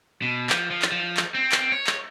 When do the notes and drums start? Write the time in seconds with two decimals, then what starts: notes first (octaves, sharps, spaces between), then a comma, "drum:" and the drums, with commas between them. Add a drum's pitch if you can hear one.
0.22 B2
0.50 F3, drum: clap
0.71 F3
0.82 drum: clap
0.92 F3
1.17 drum: clap
1.34 C4
1.52 drum: clap
1.72 C#5
1.87 drum: clap